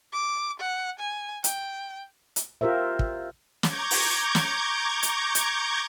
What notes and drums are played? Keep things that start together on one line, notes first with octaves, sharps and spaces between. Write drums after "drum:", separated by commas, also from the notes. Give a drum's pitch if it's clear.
D6
F#5
G#5
G5, drum: hi-hat
drum: hi-hat
F4 G4 A#4 C5 E5
drum: kick
A#5 C#6 D6 G6 G#6, drum: snare
drum: open hi-hat
drum: snare
drum: hi-hat
drum: hi-hat